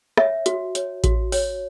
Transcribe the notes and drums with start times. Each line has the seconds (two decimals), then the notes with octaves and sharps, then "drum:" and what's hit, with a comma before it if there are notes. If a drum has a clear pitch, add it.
0.17 C#5 E5, drum: rim click
0.46 F#4, drum: hi-hat
0.75 C#5, drum: hi-hat
1.04 F#4, drum: kick A1, hi-hat
1.32 C#5, drum: open hi-hat